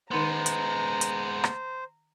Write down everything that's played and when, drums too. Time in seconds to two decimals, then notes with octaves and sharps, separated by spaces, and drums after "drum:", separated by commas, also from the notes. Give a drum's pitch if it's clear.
0.11 D#3 G#3 B3 D#4 C5 A#5 C6
0.46 drum: hi-hat
1.01 drum: hi-hat
1.44 drum: rim click